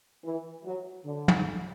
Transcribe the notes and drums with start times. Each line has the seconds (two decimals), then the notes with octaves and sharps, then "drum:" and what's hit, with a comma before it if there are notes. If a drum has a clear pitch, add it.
0.24 E3
0.64 F#3
1.05 D3
1.28 drum: tom